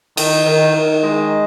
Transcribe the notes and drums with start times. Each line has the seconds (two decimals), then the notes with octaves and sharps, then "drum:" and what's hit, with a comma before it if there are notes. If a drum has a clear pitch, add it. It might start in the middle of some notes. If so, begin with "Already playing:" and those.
0.17 D#3, drum: cymbal
0.45 D#3
0.74 D#3
1.04 G#3